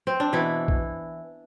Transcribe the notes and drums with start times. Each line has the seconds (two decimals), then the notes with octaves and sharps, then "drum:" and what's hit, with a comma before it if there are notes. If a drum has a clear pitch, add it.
0.07 C4
0.20 D4
0.32 B2 E3 E4
0.68 drum: kick A#1